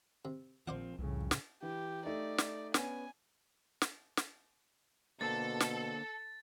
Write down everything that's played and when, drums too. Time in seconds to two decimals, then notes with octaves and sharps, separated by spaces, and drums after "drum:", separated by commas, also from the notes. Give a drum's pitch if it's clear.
0.25 C3
0.67 A#1 F3 C4 C5 D5 F#5
0.98 C2 F2 A2 C#3
1.31 drum: snare
1.62 E3 G4
2.05 A3 D#4 D5
2.38 drum: snare
2.74 B3 C#4 G#5, drum: snare
3.82 drum: snare
4.17 drum: snare
5.21 B2 D3 A#3 A4 C5 A6
5.60 drum: snare